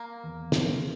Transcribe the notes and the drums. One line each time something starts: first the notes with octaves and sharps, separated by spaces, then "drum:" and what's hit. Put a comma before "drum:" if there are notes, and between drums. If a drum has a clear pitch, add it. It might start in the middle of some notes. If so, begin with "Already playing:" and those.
Already playing: A#3
E2
E2, drum: snare